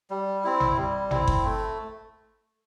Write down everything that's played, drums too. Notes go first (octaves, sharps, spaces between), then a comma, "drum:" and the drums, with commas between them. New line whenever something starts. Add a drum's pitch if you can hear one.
G3
C4 E4
drum: tom A1
G3
C4 E4, drum: tom A1
drum: kick G1
A3